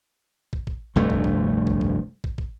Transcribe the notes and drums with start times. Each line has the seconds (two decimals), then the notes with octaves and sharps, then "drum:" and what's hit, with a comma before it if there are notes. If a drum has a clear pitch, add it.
0.53 drum: kick
0.67 drum: kick
0.96 F1 D2 G2 A3
1.10 drum: kick
1.24 drum: kick
1.67 drum: kick
1.81 drum: kick
2.24 drum: kick
2.38 drum: kick